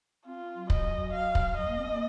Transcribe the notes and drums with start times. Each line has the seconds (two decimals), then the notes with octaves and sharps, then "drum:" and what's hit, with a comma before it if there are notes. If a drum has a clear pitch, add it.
0.26 C4 F4
0.55 F#3
0.70 D#5, drum: kick
1.13 F5
1.35 drum: kick
1.57 F#3 D#5
1.68 A#3
1.78 C4
1.89 A#3